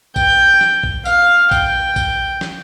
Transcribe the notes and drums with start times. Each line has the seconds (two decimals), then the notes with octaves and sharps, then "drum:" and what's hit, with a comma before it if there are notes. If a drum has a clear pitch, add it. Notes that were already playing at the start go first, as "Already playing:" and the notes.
0.16 G5, drum: kick, tambourine
0.61 drum: snare
0.83 drum: kick
1.05 F5, drum: tambourine
1.51 G5, drum: kick, tambourine
1.96 drum: kick, tambourine
2.41 drum: snare